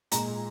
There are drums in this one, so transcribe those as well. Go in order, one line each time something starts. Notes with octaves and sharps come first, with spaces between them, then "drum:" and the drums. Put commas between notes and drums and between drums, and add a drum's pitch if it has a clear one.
A#2 G#3 D#4 A#5, drum: hi-hat